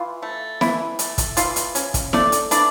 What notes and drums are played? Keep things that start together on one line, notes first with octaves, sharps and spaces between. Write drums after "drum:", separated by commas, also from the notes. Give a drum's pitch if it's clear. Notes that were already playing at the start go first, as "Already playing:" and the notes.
Already playing: E3 F4
A3
E3 E4, drum: snare E4
A3, drum: hi-hat
drum: kick, hi-hat
E3 F4, drum: hi-hat
drum: hi-hat
C#4, drum: hi-hat
drum: kick, hi-hat
A3 D4 D5, drum: snare E4
drum: hi-hat
E3 D4 D5, drum: hi-hat